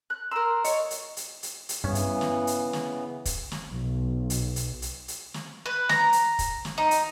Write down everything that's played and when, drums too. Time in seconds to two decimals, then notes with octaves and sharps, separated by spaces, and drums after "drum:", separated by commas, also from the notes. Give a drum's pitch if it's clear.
0.10 F#6
0.31 A#4 A#5 C6 E6
0.64 C#5 D#5, drum: hi-hat
0.91 drum: hi-hat
1.17 drum: hi-hat
1.43 drum: hi-hat
1.69 drum: hi-hat
1.84 G2 C#3 E3 B3 C#4
1.95 drum: hi-hat
2.21 drum: snare
2.47 drum: hi-hat
2.73 drum: snare
3.25 drum: kick, hi-hat
3.52 drum: snare
3.69 B1
4.30 drum: hi-hat
4.56 drum: hi-hat
4.82 drum: hi-hat
5.08 drum: hi-hat
5.34 drum: snare
5.66 B4
5.89 A#5, drum: snare
6.13 drum: hi-hat
6.39 drum: kick, hi-hat
6.65 drum: snare
6.78 D#4
6.91 drum: hi-hat